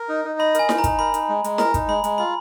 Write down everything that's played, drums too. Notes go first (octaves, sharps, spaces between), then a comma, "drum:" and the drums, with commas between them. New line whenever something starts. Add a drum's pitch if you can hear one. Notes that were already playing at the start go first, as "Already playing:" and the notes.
Already playing: A#4
D#4
D#4
D#5 B5
A#4 G#5, drum: hi-hat
D#4, drum: snare E4
A#5
D#4, drum: kick, hi-hat
A#4 B5
D#4, drum: hi-hat
G#3
G#3, drum: hi-hat
A#4 A#5, drum: snare E4
D#4, drum: kick, hi-hat
G#3 B5
G#3, drum: hi-hat
F4 B5